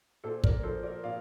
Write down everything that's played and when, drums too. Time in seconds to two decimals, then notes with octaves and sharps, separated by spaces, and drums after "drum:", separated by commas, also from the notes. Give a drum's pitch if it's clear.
0.24 A#2 A4 C5
0.44 A#4 D5, drum: kick
0.63 F3 A4 C5
0.83 A#4 D5
1.03 A#2 D5 F5